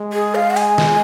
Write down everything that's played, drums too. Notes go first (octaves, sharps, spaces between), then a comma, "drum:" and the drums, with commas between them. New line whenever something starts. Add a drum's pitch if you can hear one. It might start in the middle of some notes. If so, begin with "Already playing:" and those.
Already playing: G#3
G#4
F5
F#5
G#5, drum: open hi-hat
drum: snare